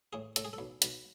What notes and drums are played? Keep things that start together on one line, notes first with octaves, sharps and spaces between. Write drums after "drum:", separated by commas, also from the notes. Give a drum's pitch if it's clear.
A2 G#4
A2 A4, drum: hi-hat
G#4
A4
B1
B1, drum: hi-hat